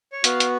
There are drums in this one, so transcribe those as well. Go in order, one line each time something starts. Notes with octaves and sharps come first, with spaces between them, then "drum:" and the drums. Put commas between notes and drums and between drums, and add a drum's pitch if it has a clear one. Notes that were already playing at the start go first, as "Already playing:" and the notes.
C#5
B3 F#4 F5, drum: hi-hat
drum: hi-hat